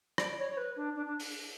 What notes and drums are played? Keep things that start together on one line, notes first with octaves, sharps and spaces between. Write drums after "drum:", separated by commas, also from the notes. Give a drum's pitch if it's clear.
D5, drum: rim click
C#5
C#5
B4
D4
D4
D4
drum: open hi-hat